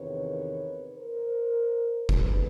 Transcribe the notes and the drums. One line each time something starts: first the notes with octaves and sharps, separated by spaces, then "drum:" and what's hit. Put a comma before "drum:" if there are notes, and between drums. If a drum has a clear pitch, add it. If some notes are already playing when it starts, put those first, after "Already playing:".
Already playing: E2 C3 D#3 B4 C#5
A#4 C5
D#2 D#3 A4 B4, drum: kick